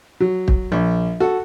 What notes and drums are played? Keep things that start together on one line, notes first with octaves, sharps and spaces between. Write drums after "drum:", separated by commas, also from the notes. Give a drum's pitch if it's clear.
F#3
drum: kick
A#1
F#4 A4